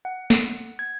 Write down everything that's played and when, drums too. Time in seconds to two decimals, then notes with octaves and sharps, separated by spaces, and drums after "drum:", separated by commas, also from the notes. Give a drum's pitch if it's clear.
0.05 F#5
0.30 drum: snare
0.79 G#6